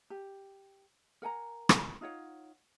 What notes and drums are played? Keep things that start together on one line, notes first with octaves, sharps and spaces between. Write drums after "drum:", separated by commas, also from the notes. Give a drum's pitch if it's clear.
G4
A#4 F#5 G#5 A#5
drum: rim click
D#4 F4 C#5 F#5